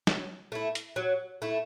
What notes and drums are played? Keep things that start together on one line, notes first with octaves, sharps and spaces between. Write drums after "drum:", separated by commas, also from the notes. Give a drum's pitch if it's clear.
F#3, drum: snare
A3 E4
drum: hi-hat
F#3
A3 E4